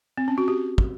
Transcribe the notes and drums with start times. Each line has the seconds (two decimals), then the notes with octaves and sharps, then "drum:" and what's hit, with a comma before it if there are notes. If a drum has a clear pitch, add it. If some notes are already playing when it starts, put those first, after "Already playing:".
0.17 C4
0.28 C#4
0.38 F#4
0.48 G4
0.78 drum: kick